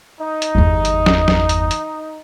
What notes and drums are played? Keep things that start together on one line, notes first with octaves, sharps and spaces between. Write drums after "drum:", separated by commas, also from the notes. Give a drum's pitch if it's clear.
D#4
drum: hi-hat
G1 E2
drum: hi-hat
drum: snare
drum: snare
drum: hi-hat
drum: hi-hat